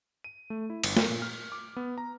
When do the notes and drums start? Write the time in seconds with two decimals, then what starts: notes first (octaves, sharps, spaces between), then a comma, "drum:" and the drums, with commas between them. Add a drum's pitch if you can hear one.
0.24 D#7
0.50 A3
0.70 E4
0.84 G1, drum: cymbal
0.97 A#4, drum: snare
1.08 A#2
1.22 F6
1.52 D6
1.76 B3
1.98 A#5